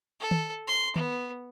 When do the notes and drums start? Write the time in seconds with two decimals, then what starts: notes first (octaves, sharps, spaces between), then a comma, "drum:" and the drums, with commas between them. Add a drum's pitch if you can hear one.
0.20 A4
0.31 drum: tom D#3
0.67 C6
0.96 B3, drum: tom D#3